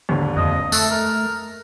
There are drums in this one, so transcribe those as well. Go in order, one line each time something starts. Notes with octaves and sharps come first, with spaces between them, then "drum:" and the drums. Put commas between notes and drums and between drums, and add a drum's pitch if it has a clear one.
D#2 G#2 D3
F2 D#5
A3 A4 F#6, drum: tambourine
A#4